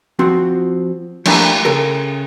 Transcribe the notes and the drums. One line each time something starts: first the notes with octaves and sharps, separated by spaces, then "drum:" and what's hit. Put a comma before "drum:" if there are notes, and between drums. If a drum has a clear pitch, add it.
F3 C4 F#4
F3 G3 A3 A#3 D4 E4, drum: cymbal
C#3 A4 A#4